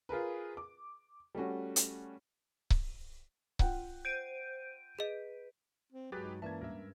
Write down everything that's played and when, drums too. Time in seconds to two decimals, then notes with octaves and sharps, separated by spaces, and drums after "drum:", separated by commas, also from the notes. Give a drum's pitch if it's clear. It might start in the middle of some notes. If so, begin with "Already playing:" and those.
0.09 F4 G#4 A#4 B4
0.57 D6
1.35 G3 A3 C#4 F#4
1.76 drum: hi-hat
2.70 drum: kick C#1
3.59 F4 F#5 G5, drum: kick C#1
4.05 C5 G6 D7 D#7
4.99 G#4 B4 D#5
5.92 C4
6.12 G2 F#3 G#3 G4 G#4 B4 F#6 A6
6.24 D#4
6.42 E3 A#3 C#4 B4 D5 E5 A5 G#6
6.61 G2 A#4 E5